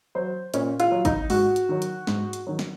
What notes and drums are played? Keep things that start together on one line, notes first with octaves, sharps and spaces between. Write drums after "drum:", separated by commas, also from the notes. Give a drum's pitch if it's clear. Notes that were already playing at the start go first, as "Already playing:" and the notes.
F#3 C5
A#2 C#4, drum: hi-hat
F4, drum: hi-hat
F#3
D#4, drum: kick G#1, hi-hat
G#2 F#4, drum: open hi-hat
drum: hi-hat
D#3 F#3
drum: hi-hat
G#2, drum: snare
drum: hi-hat
D#3 F#3
drum: snare